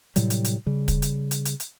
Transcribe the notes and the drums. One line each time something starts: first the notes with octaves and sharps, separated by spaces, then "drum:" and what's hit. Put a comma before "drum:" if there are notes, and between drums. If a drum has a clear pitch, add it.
A2 C3 F#3 G3, drum: hi-hat
drum: hi-hat
drum: hi-hat
C#3 G3
drum: kick, hi-hat
drum: hi-hat
drum: hi-hat
drum: hi-hat
drum: hi-hat